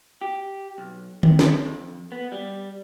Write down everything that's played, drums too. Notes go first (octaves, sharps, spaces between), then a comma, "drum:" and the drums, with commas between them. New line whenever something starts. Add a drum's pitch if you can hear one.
G4
B1
C3, drum: tom D3
drum: snare
F2
B3
G3